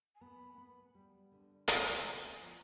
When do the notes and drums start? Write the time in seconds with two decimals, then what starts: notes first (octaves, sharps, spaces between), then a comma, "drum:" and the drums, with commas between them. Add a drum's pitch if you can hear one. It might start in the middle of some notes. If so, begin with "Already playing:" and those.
0.15 G#5
0.21 B3 B5
0.58 B3
0.95 G3
1.32 D3
1.68 F4 G#5, drum: hi-hat
1.76 G5
1.84 G#5
2.04 B3
2.42 F3